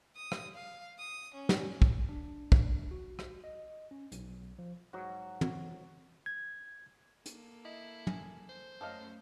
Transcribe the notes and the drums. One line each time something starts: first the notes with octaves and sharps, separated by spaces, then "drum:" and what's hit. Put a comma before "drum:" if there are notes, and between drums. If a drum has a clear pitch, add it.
D#6
drum: rim click
F5
D#6
C#4
drum: snare
drum: kick
D4
drum: kick
F#4
drum: rim click
D#5
C#4
B1, drum: hi-hat
F3
G#2 F#3 F#4
drum: tom
G#6
A#3 A4, drum: hi-hat
E4 D#5
G#4, drum: tom
C5
F#2 A3 C#4 A4 D#5 F5